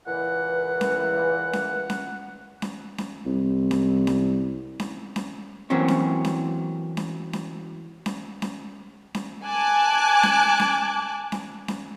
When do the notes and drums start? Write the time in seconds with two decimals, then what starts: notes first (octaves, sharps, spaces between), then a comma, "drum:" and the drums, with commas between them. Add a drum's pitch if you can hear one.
0.07 C#2 A#2 E3 B4 F#5
0.81 drum: snare C#4
1.53 drum: snare C#4
1.90 drum: snare C#4
2.62 drum: snare C#4
2.98 drum: snare C#4
3.26 C2
3.71 drum: snare C#4
4.07 drum: snare C#4
4.80 drum: snare C#4
5.16 drum: snare C#4
5.70 E3 F#3 A#3 C4 C#4
5.88 drum: snare C#4
6.25 drum: snare C#4
6.97 drum: snare C#4
7.33 drum: snare C#4
8.06 drum: snare C#4
8.42 drum: snare C#4
9.15 drum: snare C#4
9.45 G#5 A5 D6 F#6 G#6
10.23 drum: snare C#4
10.59 drum: snare C#4
11.32 drum: snare C#4
11.68 drum: snare C#4